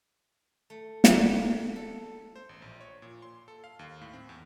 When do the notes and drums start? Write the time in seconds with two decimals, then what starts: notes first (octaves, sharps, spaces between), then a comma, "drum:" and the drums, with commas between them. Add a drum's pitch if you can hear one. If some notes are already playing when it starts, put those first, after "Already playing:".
0.70 A3
1.04 drum: snare
1.76 A4
2.36 C5
2.49 A1
2.62 A#1
2.80 C#5
3.02 A#2
3.22 C6
3.48 A4
3.64 F5
3.79 D#2
4.01 A2
4.13 C4
4.29 E2